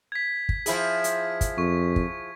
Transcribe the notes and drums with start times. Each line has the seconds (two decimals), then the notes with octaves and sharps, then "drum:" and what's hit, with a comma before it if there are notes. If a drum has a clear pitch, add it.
0.12 G#6 B6
0.49 drum: kick
0.66 F3 E4 G#4, drum: hi-hat
1.04 drum: hi-hat
1.41 drum: kick, hi-hat
1.58 F2 C#6
1.96 drum: kick